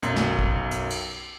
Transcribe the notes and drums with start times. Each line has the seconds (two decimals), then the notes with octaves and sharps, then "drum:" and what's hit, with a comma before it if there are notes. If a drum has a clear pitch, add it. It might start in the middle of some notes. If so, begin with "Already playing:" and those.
0.02 B1 F#2, drum: hi-hat
0.16 drum: snare
0.39 drum: kick
0.71 drum: hi-hat
0.90 drum: cymbal